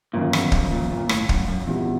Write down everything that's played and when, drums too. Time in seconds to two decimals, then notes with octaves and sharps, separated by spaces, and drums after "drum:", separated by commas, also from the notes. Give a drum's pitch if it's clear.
0.13 G1 F#2 A#2 D#3
0.33 E2, drum: rim click
0.52 F2, drum: kick
0.71 A#2
0.90 A#2
1.09 A2, drum: rim click
1.29 F#2, drum: kick
1.48 F#2
1.66 A#1 E2 A#2 G3 C4 E4